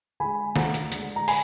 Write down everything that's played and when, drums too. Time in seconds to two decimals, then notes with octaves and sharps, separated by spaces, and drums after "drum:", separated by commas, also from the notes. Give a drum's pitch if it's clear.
0.20 D3 G#3 G#5 B5
0.56 D2 F#5 A#5, drum: snare
0.74 drum: hi-hat
0.92 D3 G#3, drum: hi-hat
1.16 A#5
1.28 G#5 B5, drum: open hi-hat